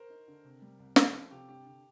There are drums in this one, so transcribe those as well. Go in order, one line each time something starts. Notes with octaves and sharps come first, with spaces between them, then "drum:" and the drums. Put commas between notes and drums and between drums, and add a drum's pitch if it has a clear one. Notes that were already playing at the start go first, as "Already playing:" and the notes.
Already playing: A#4 C5
D#4
D3
C3
G3
C2
F3 A4, drum: snare
C4 F4
C3 G4
G2 G4
D3